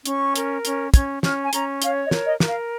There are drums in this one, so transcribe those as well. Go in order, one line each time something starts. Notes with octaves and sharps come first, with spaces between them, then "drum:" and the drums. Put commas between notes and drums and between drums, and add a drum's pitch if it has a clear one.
C#4 C#6, drum: hi-hat
A#4, drum: hi-hat
C#4, drum: hi-hat
C#4 G#6, drum: kick, hi-hat
C#4 F6, drum: snare
G#5
C#4 A#5, drum: hi-hat
C#5 F5, drum: hi-hat
D#5
A#4, drum: snare
D#5
A#4, drum: snare
F5